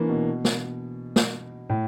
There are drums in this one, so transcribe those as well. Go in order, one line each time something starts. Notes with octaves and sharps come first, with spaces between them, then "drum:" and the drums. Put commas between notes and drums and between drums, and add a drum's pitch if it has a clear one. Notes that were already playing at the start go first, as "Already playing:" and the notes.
Already playing: E3 A#3 C#4 D4
B2
drum: snare
drum: snare
A2